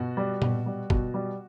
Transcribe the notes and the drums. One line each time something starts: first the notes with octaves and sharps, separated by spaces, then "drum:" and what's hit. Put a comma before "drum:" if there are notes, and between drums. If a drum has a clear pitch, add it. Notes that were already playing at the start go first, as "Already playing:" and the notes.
Already playing: B2 F#4
G3
B2, drum: tom A#2
G3
B2, drum: kick
G3